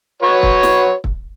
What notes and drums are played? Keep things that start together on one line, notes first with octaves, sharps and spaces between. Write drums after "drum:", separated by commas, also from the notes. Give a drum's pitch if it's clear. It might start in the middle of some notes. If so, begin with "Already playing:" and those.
F#4 B4 C#5
drum: kick
drum: snare
drum: kick